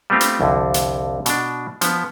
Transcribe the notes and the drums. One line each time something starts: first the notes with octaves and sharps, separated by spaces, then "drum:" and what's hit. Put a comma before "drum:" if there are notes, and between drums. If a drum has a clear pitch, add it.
G3 A3 B3 C4 F4 G4
drum: hi-hat
C2 F2 D3
drum: hi-hat
B2 D4, drum: hi-hat
F3 B3, drum: hi-hat